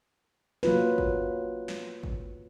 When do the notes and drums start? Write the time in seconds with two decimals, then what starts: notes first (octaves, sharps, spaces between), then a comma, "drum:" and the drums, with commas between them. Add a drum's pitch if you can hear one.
0.63 F#3 A#3 F4 B4, drum: snare
0.98 drum: kick G#1
1.68 drum: snare
2.03 drum: kick G#1